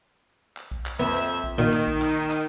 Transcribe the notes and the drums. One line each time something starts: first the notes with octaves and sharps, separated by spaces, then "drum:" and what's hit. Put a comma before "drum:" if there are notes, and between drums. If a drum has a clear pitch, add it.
drum: clap
drum: kick B1
drum: clap
F2 B3 E5
drum: clap
drum: kick B1
A#2 D#3
drum: clap
drum: kick B1
drum: clap
drum: clap